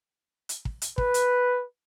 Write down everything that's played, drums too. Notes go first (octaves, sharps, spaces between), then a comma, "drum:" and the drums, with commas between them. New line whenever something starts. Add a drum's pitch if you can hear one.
drum: hi-hat
drum: kick
drum: hi-hat
B4, drum: kick
drum: hi-hat